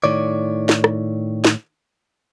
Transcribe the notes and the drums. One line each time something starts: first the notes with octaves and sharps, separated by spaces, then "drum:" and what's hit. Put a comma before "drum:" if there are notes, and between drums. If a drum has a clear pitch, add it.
A2 D#3 C#5 D5
drum: snare
drum: rim click
drum: snare